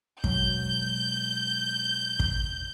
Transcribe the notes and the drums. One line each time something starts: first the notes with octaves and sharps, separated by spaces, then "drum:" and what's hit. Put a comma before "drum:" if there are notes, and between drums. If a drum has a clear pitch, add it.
B2 F#3 G#3 G6, drum: kick
drum: kick